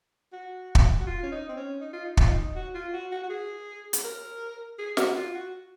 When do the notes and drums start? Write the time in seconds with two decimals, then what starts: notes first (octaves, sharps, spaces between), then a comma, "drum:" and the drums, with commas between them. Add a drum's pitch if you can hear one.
0.33 F#4
0.75 drum: kick
1.00 F#4
1.07 F4
1.23 C#4
1.32 D#4
1.48 C4
1.57 C#4
1.81 D#4
1.93 F4
2.05 D#4
2.17 F4, drum: kick
2.29 D#4
2.56 F#4
2.74 F4
2.93 F#4
3.11 F#4
3.24 F#4
3.30 G#4
3.93 drum: hi-hat
4.04 A#4
4.79 G#4
4.97 F#4, drum: snare
5.16 F4
5.35 F#4